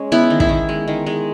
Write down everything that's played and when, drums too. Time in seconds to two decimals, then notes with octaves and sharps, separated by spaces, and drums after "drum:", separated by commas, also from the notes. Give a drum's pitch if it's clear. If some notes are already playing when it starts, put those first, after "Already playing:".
Already playing: G#3 C#4
0.12 B3 E4
0.30 D#3
0.40 E4, drum: kick
0.49 D#3
0.69 G#3
0.88 D#3
1.06 G#3